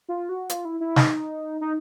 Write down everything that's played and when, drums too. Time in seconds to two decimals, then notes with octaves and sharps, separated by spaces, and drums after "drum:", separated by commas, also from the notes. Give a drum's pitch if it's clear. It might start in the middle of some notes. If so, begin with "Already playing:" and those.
0.09 F4
0.29 F#4
0.50 F4, drum: hi-hat
0.65 E4
0.80 E4
0.96 D#4, drum: snare
1.61 D#4